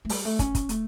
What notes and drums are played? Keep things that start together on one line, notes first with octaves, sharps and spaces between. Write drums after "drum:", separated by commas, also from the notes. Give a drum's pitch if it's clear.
A3
G3, drum: open hi-hat
A3
C#4, drum: kick, hi-hat
drum: kick, hi-hat
A3, drum: hi-hat